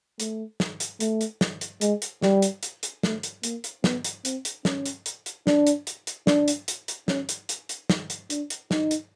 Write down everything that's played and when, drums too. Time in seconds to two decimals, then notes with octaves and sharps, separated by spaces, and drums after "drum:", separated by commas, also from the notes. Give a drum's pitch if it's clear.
0.20 A3, drum: hi-hat
0.60 drum: snare
0.80 drum: hi-hat
1.00 A3, drum: hi-hat
1.21 drum: hi-hat
1.41 drum: snare
1.61 drum: hi-hat
1.81 G#3, drum: hi-hat
2.02 drum: hi-hat
2.22 G3, drum: snare
2.42 drum: hi-hat
2.63 drum: hi-hat
2.83 drum: hi-hat
3.03 A3, drum: snare
3.23 drum: hi-hat
3.43 A#3, drum: hi-hat
3.64 drum: hi-hat
3.84 B3, drum: snare
4.04 drum: hi-hat
4.25 C4, drum: hi-hat
4.45 drum: hi-hat
4.65 C#4, drum: snare
4.86 drum: hi-hat
5.06 drum: hi-hat
5.26 drum: hi-hat
5.47 D4, drum: snare
5.67 drum: hi-hat
5.87 drum: hi-hat
6.07 drum: hi-hat
6.27 D4, drum: snare
6.48 drum: hi-hat
6.68 drum: hi-hat
6.88 drum: hi-hat
7.08 C#4, drum: snare
7.29 drum: hi-hat
7.49 drum: hi-hat
7.69 drum: hi-hat
7.90 drum: snare
8.10 drum: hi-hat
8.30 D4, drum: hi-hat
8.50 drum: hi-hat
8.71 D#4, drum: snare
8.91 drum: hi-hat